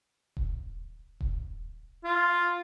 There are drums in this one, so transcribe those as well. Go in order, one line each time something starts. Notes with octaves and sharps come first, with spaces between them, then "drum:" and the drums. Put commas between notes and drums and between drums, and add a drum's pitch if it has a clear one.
drum: kick D#1
drum: kick D#1
F4